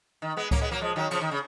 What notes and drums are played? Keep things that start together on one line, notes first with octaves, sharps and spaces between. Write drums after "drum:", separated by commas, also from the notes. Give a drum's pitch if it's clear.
D#3
G#3 B3
A#3 C#4, drum: kick C#2, cymbal
G#3 B3
F#3 A#3
F3 G#3
D#3 F#3
C#3 F3, drum: cymbal
D#3
C#3